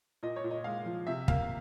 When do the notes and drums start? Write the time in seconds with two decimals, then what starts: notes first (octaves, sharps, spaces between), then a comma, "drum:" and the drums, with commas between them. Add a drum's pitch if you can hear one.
0.23 A#2 D#5
0.36 C#5
0.44 A#2
0.51 D#5
0.64 G#3 F5
0.86 F3
1.07 C3 E5
1.28 A#3 F5, drum: kick